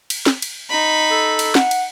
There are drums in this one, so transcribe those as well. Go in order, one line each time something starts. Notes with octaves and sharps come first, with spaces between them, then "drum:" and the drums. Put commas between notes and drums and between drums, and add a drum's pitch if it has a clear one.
drum: cymbal
drum: snare
drum: cymbal
D#4 B5
A4
drum: cymbal
F#5, drum: snare
drum: cymbal